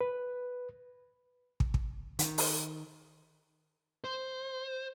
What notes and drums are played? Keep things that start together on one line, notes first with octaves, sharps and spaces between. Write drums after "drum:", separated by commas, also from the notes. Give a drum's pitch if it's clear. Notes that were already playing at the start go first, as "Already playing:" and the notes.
B4
drum: kick
drum: kick
D#3, drum: hi-hat
drum: open hi-hat
C5